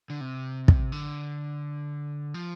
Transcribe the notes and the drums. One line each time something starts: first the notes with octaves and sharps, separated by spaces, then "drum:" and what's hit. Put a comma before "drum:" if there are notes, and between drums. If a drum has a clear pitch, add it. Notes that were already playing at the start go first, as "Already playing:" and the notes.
D3
C3
drum: kick
D3
F3